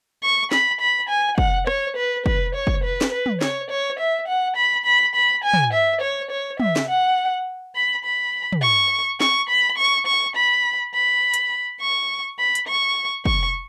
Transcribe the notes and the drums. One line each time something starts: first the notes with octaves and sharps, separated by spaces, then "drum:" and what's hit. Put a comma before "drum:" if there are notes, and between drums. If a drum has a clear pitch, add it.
C#6
B5, drum: snare
B5
G#5
F#5, drum: kick
C#5, drum: rim click
B4
B4, drum: kick
C#5
drum: kick
B4
drum: snare
B4
drum: tom
C#5, drum: snare
C#5
E5
F#5
B5
B5
B5
G#5
drum: tom
E5
C#5
C#5
E5, drum: tom
drum: snare
F#5
B5
B5
drum: tom
C#6
C#6, drum: snare
B5
C#6
C#6
B5
B5
drum: hi-hat
C#6
B5
drum: hi-hat
C#6
C#6, drum: kick